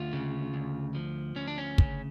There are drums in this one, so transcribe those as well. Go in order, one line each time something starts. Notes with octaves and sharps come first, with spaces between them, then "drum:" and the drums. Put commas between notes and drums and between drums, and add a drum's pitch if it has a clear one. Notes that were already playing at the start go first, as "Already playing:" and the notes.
Already playing: D2 F4
C#3
D2
F3
D2 C#4
D4
C#4
C#3, drum: kick